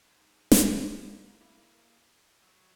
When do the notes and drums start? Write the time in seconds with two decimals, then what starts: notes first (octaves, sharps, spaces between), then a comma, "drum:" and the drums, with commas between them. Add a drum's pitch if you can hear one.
0.06 G#2
0.52 drum: snare
0.63 A#3
1.40 C#3 E4
2.43 F#3